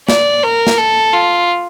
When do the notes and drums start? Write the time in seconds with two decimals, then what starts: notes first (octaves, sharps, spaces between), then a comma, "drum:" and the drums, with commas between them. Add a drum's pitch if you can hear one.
0.09 D5, drum: snare
0.43 A#4
0.67 drum: snare
0.78 A4
1.13 F4